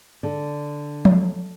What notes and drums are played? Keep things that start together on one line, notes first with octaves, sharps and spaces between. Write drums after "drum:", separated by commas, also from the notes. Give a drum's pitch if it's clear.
D3
drum: tom F3